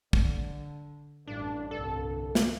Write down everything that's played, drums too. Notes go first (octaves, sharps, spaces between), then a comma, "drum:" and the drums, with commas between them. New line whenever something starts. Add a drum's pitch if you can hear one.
D3, drum: kick
A1 G2 D4
C2 G2 D3 A4
drum: snare